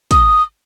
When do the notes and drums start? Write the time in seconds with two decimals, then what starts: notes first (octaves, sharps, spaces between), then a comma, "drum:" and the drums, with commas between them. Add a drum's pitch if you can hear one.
0.11 D#6, drum: kick, hi-hat